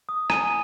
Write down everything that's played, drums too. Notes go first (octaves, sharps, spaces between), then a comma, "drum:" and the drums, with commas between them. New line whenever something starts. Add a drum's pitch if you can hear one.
D#6
G#5 D#7, drum: rim click